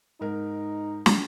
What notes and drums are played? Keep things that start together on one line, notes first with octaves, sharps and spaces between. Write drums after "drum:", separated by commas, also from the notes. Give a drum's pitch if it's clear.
G#2 D#4 A#4
drum: snare